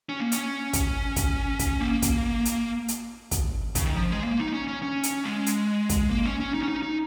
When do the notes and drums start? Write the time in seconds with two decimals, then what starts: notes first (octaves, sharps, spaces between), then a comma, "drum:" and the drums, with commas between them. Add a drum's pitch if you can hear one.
0.09 C#4
0.20 A#3
0.32 C#4, drum: hi-hat
0.73 drum: kick, hi-hat
1.16 drum: kick, hi-hat
1.59 drum: kick, hi-hat
1.81 A#3
2.02 drum: kick, hi-hat
2.45 drum: hi-hat
2.88 drum: hi-hat
3.31 drum: kick, hi-hat
3.75 C#3, drum: kick, hi-hat
3.86 D#3
3.96 F3
4.11 G#3
4.24 A#3
4.39 D#4
4.53 C#4
4.68 C#4
4.82 C#4
5.03 drum: hi-hat
5.25 G#3
5.46 drum: hi-hat
5.89 drum: kick, hi-hat
6.11 A#3
6.26 C#4
6.40 C#4
6.54 D#4
6.63 C#4
6.68 D#4
6.83 D#4